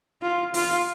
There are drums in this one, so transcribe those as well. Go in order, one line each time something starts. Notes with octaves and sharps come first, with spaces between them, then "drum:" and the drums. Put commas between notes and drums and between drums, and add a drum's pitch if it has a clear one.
F4
F4, drum: open hi-hat